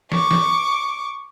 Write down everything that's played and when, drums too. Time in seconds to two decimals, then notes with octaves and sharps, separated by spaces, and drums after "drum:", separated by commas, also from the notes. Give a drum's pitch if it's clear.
0.12 C#6 D6, drum: snare
0.31 drum: snare